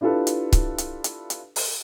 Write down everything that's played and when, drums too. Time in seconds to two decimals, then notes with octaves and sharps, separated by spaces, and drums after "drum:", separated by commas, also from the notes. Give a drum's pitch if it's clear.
0.01 D4 E4 F4 G4 A4 B4
0.27 drum: hi-hat
0.53 drum: kick C#1, hi-hat
0.78 drum: hi-hat
1.04 drum: hi-hat
1.30 drum: hi-hat
1.56 drum: open hi-hat